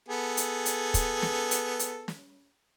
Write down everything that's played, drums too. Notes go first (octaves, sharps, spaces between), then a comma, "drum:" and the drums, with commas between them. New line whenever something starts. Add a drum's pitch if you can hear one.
B3 G#4 A4
drum: hi-hat
drum: hi-hat
drum: kick, hi-hat
drum: snare
drum: hi-hat
drum: hi-hat
drum: snare